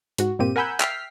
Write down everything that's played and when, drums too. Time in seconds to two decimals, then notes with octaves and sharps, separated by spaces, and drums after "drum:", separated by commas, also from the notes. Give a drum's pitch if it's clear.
0.18 G#2 F#4, drum: hi-hat
0.39 G2 A#2 A#3 C4 G4 D#7
0.56 A#4 F#5 G#5 B5 E6 G6
0.80 E5 G5 F6 B6 C7, drum: clap